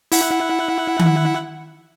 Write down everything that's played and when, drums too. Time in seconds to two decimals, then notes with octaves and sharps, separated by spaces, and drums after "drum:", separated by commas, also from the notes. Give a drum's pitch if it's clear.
0.12 E4 F#5, drum: open hi-hat
0.99 drum: tom D#3